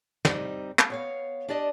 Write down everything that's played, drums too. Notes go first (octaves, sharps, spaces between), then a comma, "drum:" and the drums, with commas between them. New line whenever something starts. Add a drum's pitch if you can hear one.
G3 C4 D#4, drum: snare
drum: clap
B3 C#5 F5
D4 G4 D5 D#5 A5